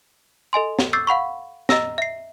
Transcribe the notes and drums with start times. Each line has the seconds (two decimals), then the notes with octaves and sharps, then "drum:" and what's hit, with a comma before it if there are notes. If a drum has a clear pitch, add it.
0.53 A4 D#5 G#5 C6
0.79 drum: snare
0.93 C#6 D6 E6 G6 A6 C7
1.07 F5 F#5 B5 C#6
1.69 D#5 A#5 E6 A#6, drum: snare
1.98 E5 C7